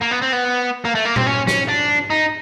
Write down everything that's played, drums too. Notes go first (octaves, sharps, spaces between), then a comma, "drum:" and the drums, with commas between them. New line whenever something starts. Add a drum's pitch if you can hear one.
A#3
B3
C4
B3
A#3
A3
A#3
C4, drum: tom A#2
C#4
C#4, drum: snare
D4
D#4